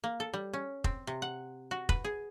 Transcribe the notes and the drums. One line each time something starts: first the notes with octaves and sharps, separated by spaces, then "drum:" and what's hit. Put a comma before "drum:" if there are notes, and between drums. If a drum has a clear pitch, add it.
A#3
A4
G3
C#4
C4, drum: kick F1
C3
F#5
F#4
B4, drum: kick F1
G#4